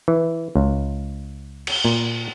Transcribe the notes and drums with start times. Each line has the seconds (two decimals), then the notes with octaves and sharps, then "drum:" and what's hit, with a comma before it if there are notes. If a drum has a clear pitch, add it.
0.08 E3
0.55 C#2
1.67 drum: cymbal
1.85 A#2